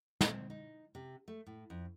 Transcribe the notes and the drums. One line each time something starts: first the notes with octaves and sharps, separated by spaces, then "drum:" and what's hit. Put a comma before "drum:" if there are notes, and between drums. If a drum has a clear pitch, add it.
C4, drum: snare
D#4
C3
A3
A2
F2